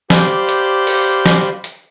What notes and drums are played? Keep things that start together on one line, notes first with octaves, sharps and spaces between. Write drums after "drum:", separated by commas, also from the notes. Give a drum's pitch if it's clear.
G4 C5 D5 F5 B5 G6, drum: snare
drum: hi-hat
drum: open hi-hat
drum: snare
drum: hi-hat